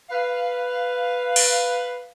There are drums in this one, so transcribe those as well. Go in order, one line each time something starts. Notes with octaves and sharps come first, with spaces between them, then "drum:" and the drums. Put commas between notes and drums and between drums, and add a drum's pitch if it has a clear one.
B4 F5
drum: open hi-hat